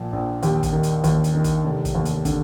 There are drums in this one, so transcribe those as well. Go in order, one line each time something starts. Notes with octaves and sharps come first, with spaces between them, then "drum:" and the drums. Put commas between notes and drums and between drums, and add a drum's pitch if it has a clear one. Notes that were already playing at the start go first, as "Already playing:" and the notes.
Already playing: A#1 A#2 F3
A#1
D#2 G4, drum: hi-hat
drum: kick, hi-hat
D#3
drum: hi-hat
D#2, drum: kick, hi-hat
drum: hi-hat
D#3
drum: kick, hi-hat
F1
drum: kick, hi-hat
D#2
drum: hi-hat
D3, drum: kick, hi-hat